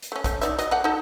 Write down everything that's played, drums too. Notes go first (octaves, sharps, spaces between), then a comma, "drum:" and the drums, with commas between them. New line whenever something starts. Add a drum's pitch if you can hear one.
drum: hi-hat
A3 C#4
A3 C#4, drum: kick A#1, hi-hat
D#4 D5 E5, drum: hi-hat
F#3 D#5, drum: hi-hat
A3 D5 F#5
D#4 A4